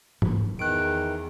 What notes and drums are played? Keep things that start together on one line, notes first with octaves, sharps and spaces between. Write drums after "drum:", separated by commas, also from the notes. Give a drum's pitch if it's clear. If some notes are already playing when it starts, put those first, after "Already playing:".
E3 E4, drum: tom G#2
E2 D#3 F#6 D7